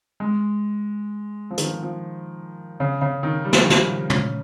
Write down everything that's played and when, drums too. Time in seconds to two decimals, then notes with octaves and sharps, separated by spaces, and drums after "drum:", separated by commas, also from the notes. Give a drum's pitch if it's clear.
0.20 G#3
1.50 F3
1.58 D#3, drum: hi-hat
1.64 F3
1.83 F3
2.80 C#3
3.01 C#3
3.23 D#3
3.45 G3
3.53 F3, drum: snare
3.62 D#3
3.70 F3, drum: snare
4.10 C#4, drum: tom